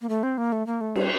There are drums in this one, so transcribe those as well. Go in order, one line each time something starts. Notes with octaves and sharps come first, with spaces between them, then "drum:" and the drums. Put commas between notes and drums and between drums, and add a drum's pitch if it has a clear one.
A#3
A3
C4
A#3
A3
A#3
A3
G3, drum: cymbal